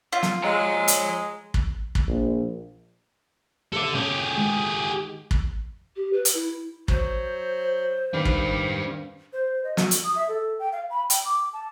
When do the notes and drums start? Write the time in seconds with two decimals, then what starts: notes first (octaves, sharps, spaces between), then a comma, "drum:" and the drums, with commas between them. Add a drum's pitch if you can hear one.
0.13 F4
0.23 drum: snare
0.44 G#3 C#5 A#5
0.88 drum: hi-hat
1.54 drum: kick
1.95 drum: kick
2.07 A#1
3.72 G4 A4 D5 E5
3.95 C#4 G4 G#4
4.33 D#3 G#3
5.31 drum: kick
5.96 G4
6.13 B4
6.25 drum: hi-hat
6.34 E4
6.88 F#3 C5, drum: kick
8.14 D#3 D4 G4 B4 F5
8.25 drum: kick
9.33 C5
9.64 D#5
9.77 F#4, drum: snare
9.91 drum: hi-hat
10.04 D#6
10.16 E5
10.29 A4
10.59 G5
10.72 F5
10.90 B5
11.10 G5, drum: hi-hat
11.25 D6
11.53 A5